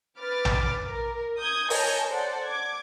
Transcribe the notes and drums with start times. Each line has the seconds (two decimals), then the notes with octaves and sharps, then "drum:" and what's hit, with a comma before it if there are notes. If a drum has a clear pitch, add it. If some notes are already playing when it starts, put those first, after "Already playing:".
0.19 B4 D6 F6 A6
0.45 drum: tom A#1
0.87 A#4
1.39 D#6 G6 G#6
1.70 A#4 C#5 D#5 G#5 A5 G6, drum: open hi-hat
2.09 A4 C5 D5 F#5
2.44 D6 G#6